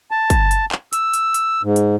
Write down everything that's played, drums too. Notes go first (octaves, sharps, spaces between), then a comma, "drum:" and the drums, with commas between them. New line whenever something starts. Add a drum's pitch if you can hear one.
A5
drum: kick, hi-hat
drum: hi-hat
drum: clap
E6, drum: hi-hat
drum: hi-hat
drum: hi-hat
G#2
drum: hi-hat